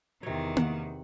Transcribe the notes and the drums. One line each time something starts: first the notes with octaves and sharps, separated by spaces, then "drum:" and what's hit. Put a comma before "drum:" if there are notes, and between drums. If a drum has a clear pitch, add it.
E2 C3 D#3 C#5
F#5, drum: tom A#3